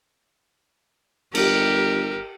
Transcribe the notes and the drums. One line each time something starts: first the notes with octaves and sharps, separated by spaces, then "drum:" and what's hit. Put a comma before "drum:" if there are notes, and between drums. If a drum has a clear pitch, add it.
G1 G4 A#4, drum: cymbal